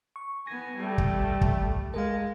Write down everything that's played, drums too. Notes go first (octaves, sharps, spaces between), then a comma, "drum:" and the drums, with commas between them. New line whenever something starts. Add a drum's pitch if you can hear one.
C#6
B3 G#5 A#6
G3 A3
drum: kick
C2
drum: kick
G#3 A#4 F5